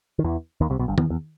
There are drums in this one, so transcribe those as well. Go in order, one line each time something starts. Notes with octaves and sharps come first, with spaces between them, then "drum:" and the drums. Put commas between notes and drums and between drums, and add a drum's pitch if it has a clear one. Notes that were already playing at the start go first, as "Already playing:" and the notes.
D#3
E2 E3
D#2 D#3
C2 C3
B1 B2
G1 G2
E2, drum: tom D#3
E2